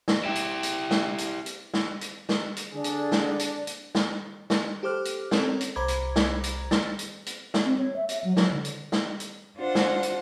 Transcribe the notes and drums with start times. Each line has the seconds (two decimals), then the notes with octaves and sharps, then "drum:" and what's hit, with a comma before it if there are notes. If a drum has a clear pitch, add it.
0.08 drum: snare
0.24 E4 G4
0.35 drum: hi-hat
0.63 drum: hi-hat
0.91 drum: snare
1.18 drum: hi-hat
1.46 drum: hi-hat
1.74 drum: snare
2.01 drum: hi-hat
2.29 drum: snare
2.56 drum: hi-hat
2.73 D3 D4 G#4
2.84 drum: hi-hat
3.12 drum: snare
3.39 drum: hi-hat
3.67 drum: hi-hat
3.95 drum: snare
4.50 drum: snare
4.83 G4 A4 C5 D6 F6 F#6
5.05 drum: hi-hat
5.31 C4 C#4 A4 A#4 C#5, drum: snare
5.61 drum: hi-hat
5.76 C2 C5 A#5 B5 D6 G#6
5.88 drum: hi-hat
6.16 drum: snare
6.43 drum: hi-hat
6.71 A6, drum: snare
6.99 drum: hi-hat
7.26 drum: hi-hat
7.54 drum: snare
7.65 C4
7.78 C#5
7.96 E5
8.09 E5, drum: hi-hat
8.24 F#3
8.37 F#3, drum: snare
8.52 D3
8.65 drum: hi-hat
8.92 drum: snare
9.20 drum: hi-hat
9.57 D4 F4 C5 F#5
9.75 drum: snare
10.03 drum: hi-hat